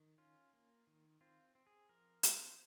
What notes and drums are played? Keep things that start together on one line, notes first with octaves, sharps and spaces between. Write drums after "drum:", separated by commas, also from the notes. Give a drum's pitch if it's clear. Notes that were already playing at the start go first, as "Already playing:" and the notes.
Already playing: D#3
C#4 F4
A#3
D#3
C4 F4
C4
G#4
F3 A#4
C4 C5, drum: hi-hat